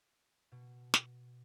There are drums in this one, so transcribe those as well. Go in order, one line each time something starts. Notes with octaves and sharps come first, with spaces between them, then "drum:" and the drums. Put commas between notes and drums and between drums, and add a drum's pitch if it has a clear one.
B2
drum: snare